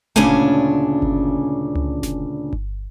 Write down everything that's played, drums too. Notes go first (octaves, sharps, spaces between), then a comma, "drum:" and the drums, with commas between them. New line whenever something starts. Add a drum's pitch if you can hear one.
D2 A#2 C#3 C#4 D4 G#5, drum: snare F#1
drum: kick G1
drum: tom C#2
drum: snare F#1
drum: kick G1